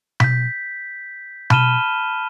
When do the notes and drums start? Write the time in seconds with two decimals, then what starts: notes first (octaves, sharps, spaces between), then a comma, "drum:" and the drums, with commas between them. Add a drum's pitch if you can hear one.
0.20 G6 B6, drum: tom B2
1.50 A5 B5 F6 D#7 E7 G7, drum: tom B2